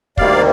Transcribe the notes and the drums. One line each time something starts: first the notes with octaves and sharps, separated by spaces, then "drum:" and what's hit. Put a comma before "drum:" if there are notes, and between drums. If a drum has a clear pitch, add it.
D2 C3 D#3 G3 A#3 D5 F5, drum: kick